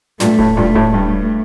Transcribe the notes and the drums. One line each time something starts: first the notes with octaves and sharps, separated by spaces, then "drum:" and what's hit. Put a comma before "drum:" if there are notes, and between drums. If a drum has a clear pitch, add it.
G2 A#2 A3, drum: snare
A2, drum: kick D#1
G2 A#2 A3
A2, drum: kick D#1
G2 A3